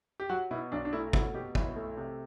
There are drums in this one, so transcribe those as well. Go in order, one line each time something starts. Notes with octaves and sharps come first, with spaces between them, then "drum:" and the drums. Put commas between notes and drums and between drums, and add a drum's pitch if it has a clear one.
G4
F#3 F#4
B2 E4
B1 D4
D4
A3 E4
F#3 E4, drum: kick
B2 G4
B1 E4, drum: kick
A3
C3